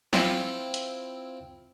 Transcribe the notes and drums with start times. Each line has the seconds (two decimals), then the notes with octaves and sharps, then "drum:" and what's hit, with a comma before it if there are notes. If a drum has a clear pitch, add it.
0.13 C4 E4 F4 C5, drum: snare
0.74 drum: hi-hat